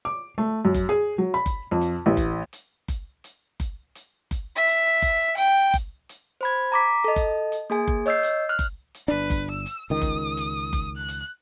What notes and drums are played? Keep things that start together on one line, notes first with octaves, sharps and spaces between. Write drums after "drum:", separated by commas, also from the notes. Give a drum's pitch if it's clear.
D6
A3
F#2
drum: kick F#1, hi-hat
G#4
F#3
B5
drum: kick F#1, hi-hat
F2
drum: hi-hat
A1
drum: kick F#1, hi-hat
drum: hi-hat
drum: kick F#1, hi-hat
drum: hi-hat
drum: kick F#1, hi-hat
drum: hi-hat
drum: kick F#1, hi-hat
E5
drum: hi-hat
drum: kick F#1, hi-hat
G5, drum: hi-hat
drum: kick F#1, hi-hat
drum: hi-hat
C5 B5 G#6
A#5 D6 B6
A4 D#5
drum: kick F#1, hi-hat
drum: hi-hat
A#3 G#4 G#5
drum: kick F#1
C#5 D#5 E6 G6 C7
drum: hi-hat
F6 F#6
drum: kick F#1, hi-hat
drum: hi-hat
G1 D4 B4
drum: kick F#1, hi-hat
E6
drum: hi-hat
C#2 D#3 D#6
drum: kick F#1, hi-hat
drum: hi-hat
drum: kick F#1, hi-hat
F#6
drum: hi-hat